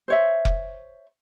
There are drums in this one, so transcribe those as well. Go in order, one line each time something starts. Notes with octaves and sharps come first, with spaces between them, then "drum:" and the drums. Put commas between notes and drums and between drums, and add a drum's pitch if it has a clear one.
C5 C#5 E5
drum: kick F1